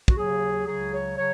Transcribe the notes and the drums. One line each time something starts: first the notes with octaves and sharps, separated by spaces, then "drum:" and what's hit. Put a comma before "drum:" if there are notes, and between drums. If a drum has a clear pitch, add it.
F#4, drum: kick
D#2 C#3 F#3 G#4
C#2 C#3 F#3 G#4
C#5
C#3 F#3 C#5